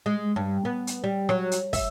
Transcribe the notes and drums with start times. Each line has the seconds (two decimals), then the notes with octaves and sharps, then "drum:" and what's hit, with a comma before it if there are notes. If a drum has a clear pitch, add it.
0.06 G#3
0.36 G2
0.65 B3
0.87 drum: hi-hat
1.04 G3
1.29 F#3, drum: rim click
1.52 drum: hi-hat
1.73 E5, drum: kick, open hi-hat